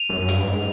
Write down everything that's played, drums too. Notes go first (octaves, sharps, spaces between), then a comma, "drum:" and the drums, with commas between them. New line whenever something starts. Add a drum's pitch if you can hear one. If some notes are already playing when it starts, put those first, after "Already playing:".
Already playing: D#7 F7
F#2
G2, drum: hi-hat
G#2